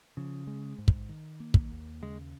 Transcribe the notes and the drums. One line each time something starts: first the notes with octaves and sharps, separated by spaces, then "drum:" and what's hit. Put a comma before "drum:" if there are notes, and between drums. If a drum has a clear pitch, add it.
C#3 F3
G#3
G#2
drum: kick
D#3
A#3
drum: kick
D#2
C#3 G#3